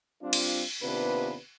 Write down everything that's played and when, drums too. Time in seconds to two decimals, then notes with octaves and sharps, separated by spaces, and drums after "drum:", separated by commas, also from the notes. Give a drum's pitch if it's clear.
0.22 G3 C4 D4 F4
0.33 drum: cymbal
0.82 D#2 C3 B3 D4 F4 B4